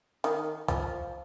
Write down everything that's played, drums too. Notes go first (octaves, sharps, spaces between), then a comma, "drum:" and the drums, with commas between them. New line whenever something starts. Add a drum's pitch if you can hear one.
D#3, drum: hi-hat
F3, drum: kick C2, hi-hat